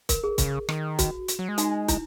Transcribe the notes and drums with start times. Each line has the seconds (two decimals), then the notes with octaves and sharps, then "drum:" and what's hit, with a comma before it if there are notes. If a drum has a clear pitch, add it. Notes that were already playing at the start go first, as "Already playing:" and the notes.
0.09 A#4, drum: kick, hi-hat
0.24 G#4
0.38 C#3, drum: kick, hi-hat
0.69 D#3, drum: rim click
0.99 F#4, drum: kick, hi-hat
1.28 drum: hi-hat
1.39 F#3
1.49 G#3
1.58 D#4, drum: hi-hat
1.88 E4, drum: kick, hi-hat